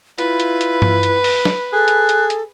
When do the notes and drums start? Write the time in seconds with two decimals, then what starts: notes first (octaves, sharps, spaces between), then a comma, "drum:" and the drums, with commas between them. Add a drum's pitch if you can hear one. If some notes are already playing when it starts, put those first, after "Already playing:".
0.18 E4 F4 B4, drum: hi-hat
0.40 drum: hi-hat
0.61 drum: hi-hat
0.82 drum: tom G2
1.03 drum: hi-hat
1.24 drum: open hi-hat
1.45 drum: snare
1.73 G#4 A4 F#6
1.88 drum: hi-hat
2.09 drum: hi-hat
2.30 drum: hi-hat